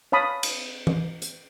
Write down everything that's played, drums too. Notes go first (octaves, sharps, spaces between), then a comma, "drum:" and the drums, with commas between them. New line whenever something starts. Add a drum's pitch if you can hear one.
C#5 F5 A5 B5 D#6
drum: cymbal
drum: tom E3
drum: hi-hat